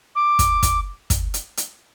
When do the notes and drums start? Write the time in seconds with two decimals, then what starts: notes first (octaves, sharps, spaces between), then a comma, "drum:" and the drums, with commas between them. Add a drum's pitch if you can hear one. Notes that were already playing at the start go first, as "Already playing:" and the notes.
0.15 D6
0.39 drum: kick, hi-hat
0.63 drum: kick, hi-hat
1.10 drum: kick, hi-hat
1.34 drum: hi-hat
1.57 drum: hi-hat